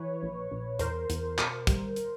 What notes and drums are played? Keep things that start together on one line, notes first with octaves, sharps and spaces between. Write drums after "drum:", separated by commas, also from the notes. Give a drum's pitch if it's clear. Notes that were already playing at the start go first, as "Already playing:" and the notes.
Already playing: E3 B4 C#5
A#1
A#1
E2 A#4 C5, drum: hi-hat
E2, drum: hi-hat
B2, drum: clap
G3, drum: kick, hi-hat
drum: hi-hat